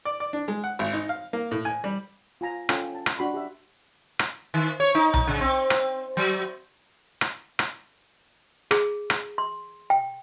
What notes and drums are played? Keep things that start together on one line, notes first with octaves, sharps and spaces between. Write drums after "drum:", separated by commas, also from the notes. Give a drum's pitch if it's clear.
D5
D5
D4
G#3
F#5
G#1
D#4
F5
A#3
A2
G#5
G3
F4 G#5 A#5
C#4 F4 A4 G5 G#5, drum: rim click
A5
drum: rim click
D4 F#4 B5 C6
G4 E5
drum: rim click
D#3
C#5
D#4
drum: tom B1
C#3
C4
drum: rim click
F#3
drum: rim click
drum: rim click
G#4, drum: rim click
drum: rim click
C6
G5